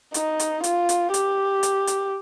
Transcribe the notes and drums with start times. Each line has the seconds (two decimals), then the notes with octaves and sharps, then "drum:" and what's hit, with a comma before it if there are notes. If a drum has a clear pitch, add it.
0.14 D#4, drum: hi-hat
0.39 drum: hi-hat
0.64 F4, drum: hi-hat
0.89 drum: hi-hat
1.14 G4, drum: hi-hat
1.63 drum: hi-hat
1.87 drum: hi-hat